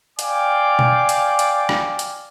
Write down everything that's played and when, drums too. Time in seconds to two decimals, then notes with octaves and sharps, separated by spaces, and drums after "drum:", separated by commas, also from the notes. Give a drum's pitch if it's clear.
0.19 D5 F5 G5 G#5 D6, drum: hi-hat
0.79 drum: tom B2
1.09 drum: hi-hat
1.39 drum: hi-hat
1.69 drum: rim click
1.99 drum: hi-hat